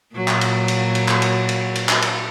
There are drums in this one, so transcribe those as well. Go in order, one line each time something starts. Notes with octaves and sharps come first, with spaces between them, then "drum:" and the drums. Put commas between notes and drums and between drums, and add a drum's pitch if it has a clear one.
A#2 F#3
drum: clap
drum: cymbal
drum: cymbal
drum: cymbal
drum: clap
drum: cymbal
drum: cymbal
drum: cymbal
drum: clap
drum: cymbal